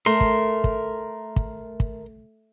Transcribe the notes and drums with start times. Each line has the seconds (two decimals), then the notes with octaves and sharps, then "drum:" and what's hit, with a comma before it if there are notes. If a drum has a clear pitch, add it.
0.06 A3 A#4 C6
0.21 drum: kick
0.64 drum: kick
1.36 drum: kick
1.80 drum: kick